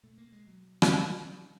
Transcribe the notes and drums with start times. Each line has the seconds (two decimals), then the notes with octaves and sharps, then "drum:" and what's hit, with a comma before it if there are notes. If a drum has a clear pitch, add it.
0.03 B2 A3
0.18 A#3
0.32 G#3
0.47 F#3
0.82 drum: rim click
1.21 F#3